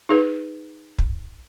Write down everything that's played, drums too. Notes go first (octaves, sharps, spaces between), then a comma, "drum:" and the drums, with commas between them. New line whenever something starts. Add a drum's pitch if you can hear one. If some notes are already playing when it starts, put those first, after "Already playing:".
D#4 G#4 B4
drum: kick